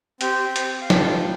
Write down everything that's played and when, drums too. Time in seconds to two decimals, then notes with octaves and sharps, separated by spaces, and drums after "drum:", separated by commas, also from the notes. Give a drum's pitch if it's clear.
0.21 C4 G4 G5, drum: hi-hat
0.56 drum: hi-hat
0.81 F5
0.90 B3 F4 A4 G5, drum: snare